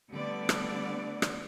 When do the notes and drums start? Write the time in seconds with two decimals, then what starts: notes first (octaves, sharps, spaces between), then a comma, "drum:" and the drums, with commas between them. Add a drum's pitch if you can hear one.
0.12 D3 G3 A3 B3 D5
0.49 drum: rim click
1.22 drum: rim click